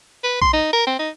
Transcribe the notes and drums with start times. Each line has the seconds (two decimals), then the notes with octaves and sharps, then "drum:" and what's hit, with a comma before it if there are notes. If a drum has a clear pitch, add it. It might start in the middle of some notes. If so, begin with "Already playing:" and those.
0.24 B4
0.42 C6, drum: kick A#1
0.53 D#4
0.73 A#4
0.87 C4
0.99 D#4